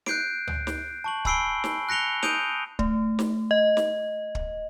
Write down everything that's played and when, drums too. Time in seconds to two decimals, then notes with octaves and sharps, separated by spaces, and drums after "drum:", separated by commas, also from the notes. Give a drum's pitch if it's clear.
0.06 F#6 G6 C7 D7, drum: snare
0.47 drum: tom D2
0.67 drum: snare
1.04 A5 C#6 F#7
1.25 G#5 B5 E6 C7 D7 G7, drum: kick
1.64 drum: snare
1.89 F#6 A#6 C#7 F7 G7
2.23 D#6 G6 D7 D#7 F7, drum: snare
2.79 A3, drum: kick
3.19 drum: snare
3.51 D#5
3.77 drum: snare
4.35 drum: kick